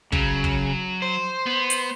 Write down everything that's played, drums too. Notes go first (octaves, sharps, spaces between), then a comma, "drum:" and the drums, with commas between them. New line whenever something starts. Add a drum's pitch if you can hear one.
C#3 F#3, drum: kick
drum: kick
C5
B3
drum: hi-hat